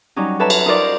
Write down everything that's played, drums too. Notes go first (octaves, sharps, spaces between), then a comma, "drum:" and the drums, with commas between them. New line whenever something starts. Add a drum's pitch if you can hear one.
F#3 G3 C#4 D#4
A4 B4 C#5 E5 A5 A#5
drum: cymbal
D#4 F4 F#4 A#4 C5 D5